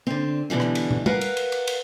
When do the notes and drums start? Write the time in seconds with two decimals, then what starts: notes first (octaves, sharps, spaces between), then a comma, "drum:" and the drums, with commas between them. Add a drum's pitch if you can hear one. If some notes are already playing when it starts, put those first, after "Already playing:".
0.07 D3 C4
0.50 B2 D3 E3 G3
0.60 drum: rim click
0.75 drum: cymbal
0.91 drum: tom
1.06 A#4 B4 F5 F#5, drum: tom
1.21 drum: cymbal
1.37 drum: cymbal
1.52 drum: cymbal
1.67 drum: cymbal